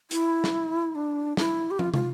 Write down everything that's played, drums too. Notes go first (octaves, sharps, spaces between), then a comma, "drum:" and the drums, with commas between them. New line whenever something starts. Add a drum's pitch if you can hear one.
E4, drum: hi-hat
drum: snare
D4
E4, drum: snare
G4
F4, drum: tom
F4, drum: tom